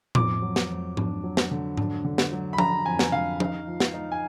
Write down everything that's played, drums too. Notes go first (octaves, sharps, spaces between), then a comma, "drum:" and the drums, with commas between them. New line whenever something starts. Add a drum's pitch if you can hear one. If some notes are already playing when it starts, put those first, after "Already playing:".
F2 D6, drum: tom A2
F#3
drum: snare
F2
D4, drum: tom G#2
F#3
drum: snare
D3
D4, drum: tom G#2
D3
drum: snare
F#3
B5
D4 A#5, drum: tom F3
F2 G#5
drum: snare
D3 F5
D#4, drum: tom F3
F3
drum: snare
D#4
G#5